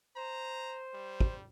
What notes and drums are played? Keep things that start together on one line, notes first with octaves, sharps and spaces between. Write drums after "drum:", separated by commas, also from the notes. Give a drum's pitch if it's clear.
C5 A#5
G3
drum: kick